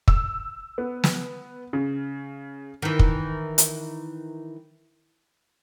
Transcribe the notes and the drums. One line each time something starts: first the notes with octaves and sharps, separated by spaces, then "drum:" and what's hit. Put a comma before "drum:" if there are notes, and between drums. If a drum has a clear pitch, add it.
E6, drum: kick
B3
drum: snare
C#3
D#3 E3
drum: kick
drum: hi-hat